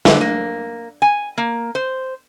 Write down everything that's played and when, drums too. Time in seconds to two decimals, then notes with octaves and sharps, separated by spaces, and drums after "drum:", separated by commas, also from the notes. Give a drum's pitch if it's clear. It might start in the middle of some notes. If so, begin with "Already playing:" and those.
0.05 D3, drum: snare
0.21 A#3
1.02 G#5
1.38 A#3
1.75 C5